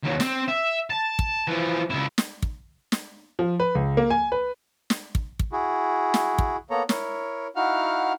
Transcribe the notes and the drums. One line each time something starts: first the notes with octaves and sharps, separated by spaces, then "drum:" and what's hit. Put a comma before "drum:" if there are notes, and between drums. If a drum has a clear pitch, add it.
D#2 F#3
C4, drum: snare
E5
A5
drum: kick
E3 F3
C#2 E4
drum: snare
drum: kick
drum: snare
F3
B4
C#2
A#3
G#5
B4
drum: snare
drum: kick
drum: kick
E4 F#4 G#4
drum: snare
drum: kick
A#3 B3 A4 C#5 A#5
E4 A#4 C#5, drum: snare
D#4 E4 F#4 F5 F#5 F6